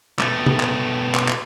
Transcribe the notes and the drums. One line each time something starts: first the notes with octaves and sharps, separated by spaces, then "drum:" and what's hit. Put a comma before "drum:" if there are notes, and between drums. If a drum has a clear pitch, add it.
B2 A3, drum: clap
drum: tom C3
drum: clap
drum: clap
drum: clap